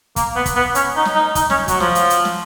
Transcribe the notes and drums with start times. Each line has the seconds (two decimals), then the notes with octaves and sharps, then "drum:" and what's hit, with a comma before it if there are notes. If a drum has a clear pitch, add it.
0.16 A#3, drum: kick, hi-hat
0.36 B3
0.46 drum: kick, hi-hat
0.56 B3
0.75 C#4, drum: hi-hat
0.96 D#4
1.05 drum: snare
1.15 D#4
1.35 D#4, drum: kick, hi-hat
1.50 C#4, drum: snare
1.68 F#3, drum: kick, hi-hat
1.80 F3, drum: snare
1.95 drum: hi-hat
2.10 drum: hi-hat
2.25 drum: snare